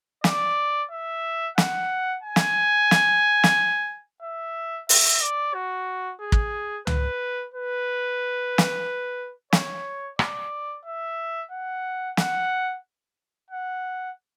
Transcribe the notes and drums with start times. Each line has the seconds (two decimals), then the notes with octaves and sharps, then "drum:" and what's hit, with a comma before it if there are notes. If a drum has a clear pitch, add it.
0.24 D5, drum: snare
0.91 E5
1.58 F#5, drum: snare
2.23 G#5
2.36 drum: snare
2.91 drum: snare
3.44 drum: snare
4.23 E5
4.89 E5, drum: open hi-hat
5.22 D5
5.54 F#4
6.21 G#4
6.32 drum: kick
6.87 B4, drum: tom
7.54 B4
8.58 drum: snare
9.53 C#5, drum: snare
10.19 D5, drum: rim click
10.86 E5
11.51 F#5
12.17 F#5, drum: snare
13.51 F#5